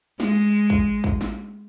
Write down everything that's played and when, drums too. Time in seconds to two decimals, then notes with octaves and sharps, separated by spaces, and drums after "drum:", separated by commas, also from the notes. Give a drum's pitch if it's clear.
0.20 G#3, drum: snare
0.70 drum: kick
1.04 drum: kick
1.21 drum: snare